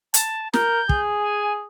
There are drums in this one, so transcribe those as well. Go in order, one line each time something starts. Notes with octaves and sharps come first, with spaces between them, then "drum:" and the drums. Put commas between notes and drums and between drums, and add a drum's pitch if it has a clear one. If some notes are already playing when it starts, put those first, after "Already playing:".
A5, drum: hi-hat
A#4 G6, drum: snare
G#4, drum: kick
G#5